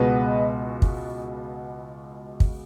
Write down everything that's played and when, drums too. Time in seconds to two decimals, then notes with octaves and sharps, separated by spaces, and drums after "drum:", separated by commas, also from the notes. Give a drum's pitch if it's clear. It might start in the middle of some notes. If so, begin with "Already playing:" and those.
Already playing: C#2 B2 G#3 B3 F#4 B4 D#5
0.82 drum: kick
2.40 drum: kick